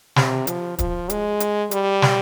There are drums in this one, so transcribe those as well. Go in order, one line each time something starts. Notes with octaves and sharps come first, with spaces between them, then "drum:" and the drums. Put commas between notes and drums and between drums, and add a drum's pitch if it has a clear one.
C3, drum: snare
F3, drum: hi-hat
F3, drum: kick, hi-hat
G#3, drum: hi-hat
drum: hi-hat
G3, drum: hi-hat
drum: snare